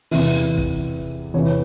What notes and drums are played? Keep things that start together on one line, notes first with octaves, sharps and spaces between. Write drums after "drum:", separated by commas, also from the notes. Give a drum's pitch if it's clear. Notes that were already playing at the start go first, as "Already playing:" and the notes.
E2 C3 E3 E5, drum: open hi-hat
drum: kick
E2 C3 E3 C#5